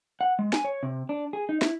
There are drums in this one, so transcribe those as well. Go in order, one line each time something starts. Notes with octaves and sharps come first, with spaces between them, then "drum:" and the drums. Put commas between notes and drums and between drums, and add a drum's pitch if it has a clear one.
F#5
G#3
G#5, drum: snare
C#5
C3
D4
G#4
D#4
E4, drum: snare